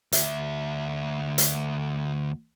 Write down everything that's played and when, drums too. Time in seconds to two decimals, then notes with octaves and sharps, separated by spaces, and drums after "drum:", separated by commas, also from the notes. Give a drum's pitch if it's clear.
0.12 D2 E5, drum: hi-hat
1.38 drum: hi-hat